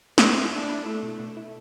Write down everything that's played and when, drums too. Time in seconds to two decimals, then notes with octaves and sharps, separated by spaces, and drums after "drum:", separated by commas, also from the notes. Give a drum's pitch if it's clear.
0.18 A3 C4, drum: snare
0.36 E4
0.52 D4 E4
0.69 E4
0.86 A3 E4
1.03 B2
1.20 B2
1.37 E4